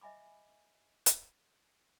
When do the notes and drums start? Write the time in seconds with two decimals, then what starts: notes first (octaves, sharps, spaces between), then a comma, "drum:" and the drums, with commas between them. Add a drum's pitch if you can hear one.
0.01 D#5 E5 G#5 B5 D6
1.06 drum: hi-hat